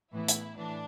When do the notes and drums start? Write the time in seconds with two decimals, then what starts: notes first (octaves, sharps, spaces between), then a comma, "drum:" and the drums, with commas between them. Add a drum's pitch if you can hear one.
0.13 A2 E3 B3 E4
0.28 drum: hi-hat
0.56 A2 E3 D4